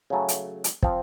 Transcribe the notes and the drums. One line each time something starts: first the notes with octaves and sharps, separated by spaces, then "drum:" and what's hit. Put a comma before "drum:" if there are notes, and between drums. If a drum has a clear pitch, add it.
C#3 F#3 A3
drum: hi-hat
drum: hi-hat
F3 C4, drum: kick